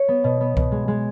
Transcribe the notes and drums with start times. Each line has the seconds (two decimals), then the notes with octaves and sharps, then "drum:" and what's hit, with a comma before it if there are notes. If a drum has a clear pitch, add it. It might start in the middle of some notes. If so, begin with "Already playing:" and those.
Already playing: C#5
0.08 B3
0.24 B2
0.41 B3
0.57 B2, drum: kick C2
0.72 G#3
0.88 G#3